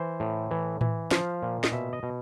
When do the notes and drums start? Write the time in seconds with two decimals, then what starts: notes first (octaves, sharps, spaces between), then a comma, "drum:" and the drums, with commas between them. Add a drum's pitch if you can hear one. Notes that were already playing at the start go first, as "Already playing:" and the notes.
Already playing: E3 C5
0.20 A2
0.51 E3
0.81 E3, drum: tom A2
1.11 F3 F5, drum: snare
1.43 A#2
1.64 D#5, drum: snare
1.72 B2 E5
1.93 D#5
2.03 B2